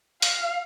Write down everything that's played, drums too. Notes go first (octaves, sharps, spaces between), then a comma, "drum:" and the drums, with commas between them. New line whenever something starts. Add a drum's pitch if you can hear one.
F5, drum: hi-hat